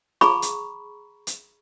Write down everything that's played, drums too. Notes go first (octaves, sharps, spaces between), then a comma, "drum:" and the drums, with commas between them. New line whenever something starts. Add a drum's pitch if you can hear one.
G#4 A#5 B5 C#6, drum: snare F4
drum: hi-hat
drum: hi-hat